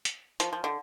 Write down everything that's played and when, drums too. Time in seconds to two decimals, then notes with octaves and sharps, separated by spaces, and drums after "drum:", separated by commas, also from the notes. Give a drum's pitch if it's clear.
0.05 drum: hi-hat
0.40 F3, drum: hi-hat
0.53 F3
0.64 D3